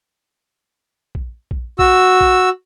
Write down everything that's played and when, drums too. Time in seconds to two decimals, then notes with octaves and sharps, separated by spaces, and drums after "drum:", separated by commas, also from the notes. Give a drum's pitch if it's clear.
1.15 drum: kick
1.51 drum: kick
1.79 F#4 E6, drum: kick
2.21 drum: kick